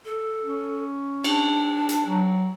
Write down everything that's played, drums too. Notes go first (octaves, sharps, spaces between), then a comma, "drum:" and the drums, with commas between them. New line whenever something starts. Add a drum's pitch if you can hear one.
A4
C#4
D4, drum: cymbal
drum: hi-hat
F#3